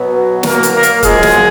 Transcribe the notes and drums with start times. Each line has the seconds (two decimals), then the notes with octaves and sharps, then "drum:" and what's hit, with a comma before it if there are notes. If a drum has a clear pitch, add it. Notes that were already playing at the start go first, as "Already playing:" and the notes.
Already playing: B2 F#3 B3
0.43 A#3 A#4, drum: snare
0.63 drum: hi-hat
0.73 A#3 A#4
0.83 drum: hi-hat
1.03 F#2 F3 G#3 G#4, drum: kick C#1, hi-hat
1.23 drum: snare